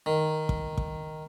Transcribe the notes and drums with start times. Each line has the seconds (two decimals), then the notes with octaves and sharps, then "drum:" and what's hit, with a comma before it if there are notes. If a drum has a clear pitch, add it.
0.06 D#3
0.49 drum: kick
0.78 drum: kick